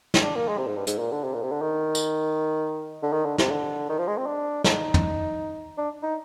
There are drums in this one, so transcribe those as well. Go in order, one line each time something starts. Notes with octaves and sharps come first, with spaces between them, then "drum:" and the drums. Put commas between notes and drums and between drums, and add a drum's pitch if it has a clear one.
drum: snare
D4
A#3
G#3
C3
G#2
G2
G#2, drum: hi-hat
A#2
D3
C3
A#2
C3
D3
D#3
drum: tambourine
D3
D#3
D3
C3, drum: snare
D3
D#3
F3
G#3
C4
D4
D#4, drum: snare
drum: tom
D4
D#4